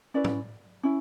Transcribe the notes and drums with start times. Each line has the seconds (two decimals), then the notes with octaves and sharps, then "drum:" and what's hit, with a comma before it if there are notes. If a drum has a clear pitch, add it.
0.14 C#4 E4 B4 D5
0.24 drum: tom
0.83 C#4 E4